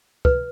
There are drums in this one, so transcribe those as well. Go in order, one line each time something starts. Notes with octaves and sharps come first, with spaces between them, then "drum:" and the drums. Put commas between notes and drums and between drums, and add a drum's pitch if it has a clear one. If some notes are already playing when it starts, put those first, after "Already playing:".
B4, drum: kick